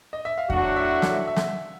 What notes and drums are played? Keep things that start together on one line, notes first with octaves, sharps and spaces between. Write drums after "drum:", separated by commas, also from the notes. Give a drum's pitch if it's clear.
D#5
E5
F5
A2 F#3 A3 D4 F#4 F#5, drum: kick E2
E5
E5, drum: snare
E5
drum: snare